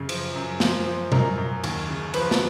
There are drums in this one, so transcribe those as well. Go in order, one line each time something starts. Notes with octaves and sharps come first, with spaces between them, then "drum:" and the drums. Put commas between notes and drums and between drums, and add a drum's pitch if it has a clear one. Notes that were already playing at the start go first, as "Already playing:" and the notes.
Already playing: F#2 C#3
F3, drum: cymbal
F#2
F3, drum: snare
F3
F#2 A#4, drum: tom B2
F#2
D#2, drum: cymbal
C#3
F3 B4, drum: cymbal
drum: snare